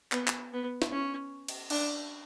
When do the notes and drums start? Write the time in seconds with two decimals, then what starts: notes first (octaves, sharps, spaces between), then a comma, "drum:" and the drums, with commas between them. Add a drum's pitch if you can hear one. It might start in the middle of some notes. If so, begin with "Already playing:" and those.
0.12 B3, drum: clap
0.28 drum: clap
0.53 B3
0.82 drum: snare
0.91 C#4
1.48 drum: cymbal
1.70 D4, drum: cymbal